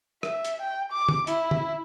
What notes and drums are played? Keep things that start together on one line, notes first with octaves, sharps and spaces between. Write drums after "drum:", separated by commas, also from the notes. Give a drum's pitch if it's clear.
E5, drum: rim click
drum: hi-hat
G5
D6
drum: tom
E4, drum: hi-hat
drum: tom